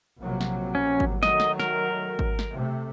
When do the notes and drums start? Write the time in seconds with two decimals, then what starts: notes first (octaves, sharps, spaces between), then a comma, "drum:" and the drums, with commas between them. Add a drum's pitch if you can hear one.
0.20 A#1 C3 F#3
0.41 drum: snare
0.75 C#4
1.00 drum: kick G#1
1.23 D#3 F#3 A3 D#5, drum: snare
1.40 drum: snare
1.60 A#4, drum: snare
2.19 drum: kick G#1
2.39 drum: snare
2.52 C3 A3